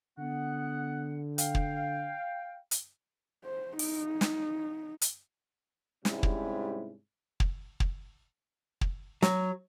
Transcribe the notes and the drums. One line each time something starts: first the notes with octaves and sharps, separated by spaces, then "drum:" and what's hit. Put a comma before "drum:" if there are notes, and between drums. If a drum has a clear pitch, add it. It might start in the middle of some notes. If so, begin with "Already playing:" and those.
D3 B3 F#5
F5 G5, drum: hi-hat
drum: kick
drum: hi-hat
C5
D#4, drum: open hi-hat
drum: snare
drum: hi-hat
G#2 C3 G3 C#4 E4, drum: snare
drum: kick
drum: kick
drum: kick
drum: kick
F#3, drum: snare